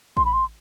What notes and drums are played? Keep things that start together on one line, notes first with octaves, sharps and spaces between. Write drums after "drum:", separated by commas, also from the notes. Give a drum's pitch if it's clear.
C6, drum: kick A1
B5
C6